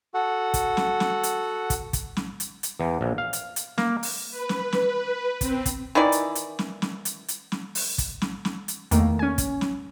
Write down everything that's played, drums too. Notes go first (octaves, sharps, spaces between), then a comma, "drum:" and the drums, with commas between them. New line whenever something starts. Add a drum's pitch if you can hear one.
F#4 A4 F#5
drum: kick, hi-hat
drum: snare
drum: snare
drum: hi-hat
drum: kick, hi-hat
drum: kick, hi-hat
drum: snare
drum: hi-hat
drum: hi-hat
E2
A#1
F5
drum: hi-hat
drum: hi-hat
A#3, drum: snare
drum: open hi-hat
B4
drum: snare
drum: snare
B4
C4, drum: kick, hi-hat
drum: kick, hi-hat
D#3 E3 E4 D5
drum: hi-hat
drum: hi-hat
drum: snare
drum: snare
drum: hi-hat
drum: hi-hat
drum: snare
drum: open hi-hat
drum: kick, hi-hat
drum: snare
drum: snare
drum: hi-hat
E2 D#3 A3 A#3, drum: hi-hat
C#4 G#5
drum: kick, hi-hat
drum: snare